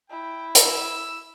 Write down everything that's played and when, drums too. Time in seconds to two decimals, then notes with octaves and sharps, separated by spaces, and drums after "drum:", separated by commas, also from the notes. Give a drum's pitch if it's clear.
0.10 E4 G5
0.55 E6, drum: hi-hat